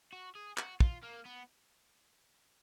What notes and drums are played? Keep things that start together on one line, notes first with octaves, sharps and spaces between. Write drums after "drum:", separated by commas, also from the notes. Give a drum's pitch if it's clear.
F#4
G#4
F#4, drum: clap
F4, drum: kick
A#3
B3